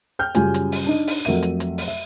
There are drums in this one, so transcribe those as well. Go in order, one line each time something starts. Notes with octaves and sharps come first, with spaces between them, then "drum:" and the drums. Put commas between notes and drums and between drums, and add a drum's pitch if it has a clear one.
G5 F6 G6
F#2 C#3 G3 C#4 F4 G#5, drum: hi-hat
drum: hi-hat
drum: open hi-hat
D4 D#4
drum: open hi-hat
F2 F#3 A3 A#4 E5 D#7
drum: hi-hat
drum: hi-hat
drum: open hi-hat
E5